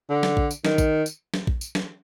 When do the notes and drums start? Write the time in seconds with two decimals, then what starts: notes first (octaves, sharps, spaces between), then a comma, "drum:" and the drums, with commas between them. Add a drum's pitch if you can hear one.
0.10 D3
0.23 drum: snare
0.37 drum: kick A#1
0.51 drum: tambourine
0.65 D#3, drum: snare
0.78 drum: kick A#1, tambourine
1.06 drum: tambourine
1.34 drum: snare
1.47 drum: kick A#1
1.61 drum: tambourine
1.75 drum: snare